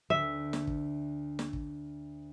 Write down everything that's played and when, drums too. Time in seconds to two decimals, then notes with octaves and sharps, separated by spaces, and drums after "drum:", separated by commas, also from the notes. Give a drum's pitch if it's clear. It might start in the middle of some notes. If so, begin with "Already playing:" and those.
0.10 D2 E5
0.53 drum: snare
0.67 drum: kick
1.39 drum: snare
1.53 drum: kick